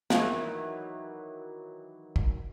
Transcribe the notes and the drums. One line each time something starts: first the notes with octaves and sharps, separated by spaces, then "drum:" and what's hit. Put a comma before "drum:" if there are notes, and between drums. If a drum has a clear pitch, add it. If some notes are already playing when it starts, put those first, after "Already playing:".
D#3 E3 F#3, drum: snare
drum: kick